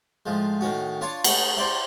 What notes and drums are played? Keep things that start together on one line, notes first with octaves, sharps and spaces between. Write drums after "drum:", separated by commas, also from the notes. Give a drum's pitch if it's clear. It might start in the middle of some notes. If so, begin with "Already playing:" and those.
A2 F3 G#3
A2 D#3 C#4 F#4
D4 F4 C#5 A5
A3 C#4 D#4 B4 F#5, drum: cymbal
E4 C5 D5 E5